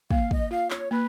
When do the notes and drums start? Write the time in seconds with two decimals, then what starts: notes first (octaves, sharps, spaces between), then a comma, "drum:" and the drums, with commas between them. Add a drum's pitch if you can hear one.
0.11 A#3 F5, drum: kick
0.31 D#5, drum: kick
0.51 F4 F5
0.70 C#5, drum: clap
0.90 A#3 B4